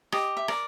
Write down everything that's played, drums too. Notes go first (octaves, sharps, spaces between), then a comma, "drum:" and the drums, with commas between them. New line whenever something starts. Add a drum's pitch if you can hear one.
G4 D#5, drum: rim click
E5
A#4 D5, drum: rim click